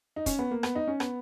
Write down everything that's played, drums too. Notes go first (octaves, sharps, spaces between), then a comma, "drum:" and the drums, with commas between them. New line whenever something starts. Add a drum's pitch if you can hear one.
D#4
C#4, drum: kick, hi-hat
B3
A#3
B3, drum: rim click
D#4
C#4
B3, drum: rim click